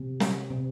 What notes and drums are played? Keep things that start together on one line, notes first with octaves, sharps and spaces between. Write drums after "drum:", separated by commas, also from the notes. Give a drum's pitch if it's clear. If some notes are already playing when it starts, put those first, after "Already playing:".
Already playing: C3
drum: snare
C3